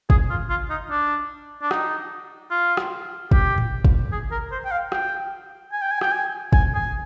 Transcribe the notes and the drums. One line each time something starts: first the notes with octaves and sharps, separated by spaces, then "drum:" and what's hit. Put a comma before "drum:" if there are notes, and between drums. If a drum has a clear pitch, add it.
G#4, drum: kick
F4
F4
D#4
D4
D4
D#4, drum: rim click
F4
drum: rim click
G4, drum: kick
drum: tom A2
drum: kick
G#4
A#4
C5
G5
F5
G5, drum: rim click
G#5
G5
G#5
G5, drum: rim click
G#5
G#5, drum: kick
G#5